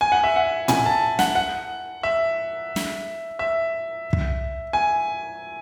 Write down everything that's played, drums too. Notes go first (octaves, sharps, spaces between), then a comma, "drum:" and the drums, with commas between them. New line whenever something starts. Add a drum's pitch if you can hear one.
G#5
F#5
E5
F#5
G#5, drum: tom
A5
F#5, drum: snare
F#5
E5
drum: snare
E5
drum: kick
G#5